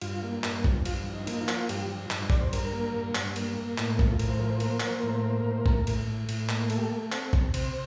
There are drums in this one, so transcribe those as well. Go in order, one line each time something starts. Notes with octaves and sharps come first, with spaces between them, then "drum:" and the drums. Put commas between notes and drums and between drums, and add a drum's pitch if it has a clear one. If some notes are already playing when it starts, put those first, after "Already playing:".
G2 F4, drum: cymbal
A#3
G2, drum: clap
F3, drum: kick A1
G2 F4, drum: cymbal
F3
D#4
A#3, drum: cymbal
D#4
F4
F3, drum: clap
F4
G2 G4, drum: cymbal
F3
G2, drum: clap
G2 D5, drum: kick A1
C5
G2 A#4, drum: cymbal
A#3
G2
G2, drum: clap
A#3, drum: cymbal
A#3
A2, drum: clap
F3, drum: kick A1
A2 A#4, drum: cymbal
C5
F3 A#4
C5
A#3 A#4, drum: cymbal
C5
A#3 A#4, drum: clap
C5
A2 A#4
C5
A#3 A#4
C5
A2 A#4
C5
A#4
A2, drum: kick A1
A2, drum: cymbal
A2
A2, drum: cymbal
A#3, drum: clap
A3 A4, drum: cymbal
G4
A4
A3
C4 A4, drum: clap
C3, drum: kick A1
C3 C5, drum: cymbal